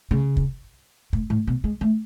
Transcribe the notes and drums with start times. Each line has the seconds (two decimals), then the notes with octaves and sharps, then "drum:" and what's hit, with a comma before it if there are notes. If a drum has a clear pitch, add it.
0.11 C#3
0.37 drum: kick
1.13 A2, drum: kick
1.30 A2
1.47 B2
1.64 G#3
1.81 A3